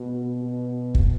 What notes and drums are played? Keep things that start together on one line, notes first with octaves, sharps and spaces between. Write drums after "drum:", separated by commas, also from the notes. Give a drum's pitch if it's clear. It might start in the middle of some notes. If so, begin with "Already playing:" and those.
Already playing: B2
B2
drum: kick